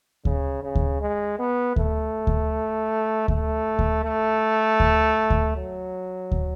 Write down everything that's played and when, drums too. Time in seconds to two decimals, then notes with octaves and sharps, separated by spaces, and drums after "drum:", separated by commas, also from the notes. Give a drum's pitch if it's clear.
0.25 C#3, drum: kick D2
0.63 C#3
0.75 drum: kick D2
1.01 G#3
1.39 B3
1.76 A3, drum: kick D2
2.27 drum: kick D2
3.28 A3, drum: kick D2
3.79 drum: kick D2
4.04 A3
4.80 drum: kick D2
5.30 drum: kick D2
5.56 F#3
6.31 drum: kick D2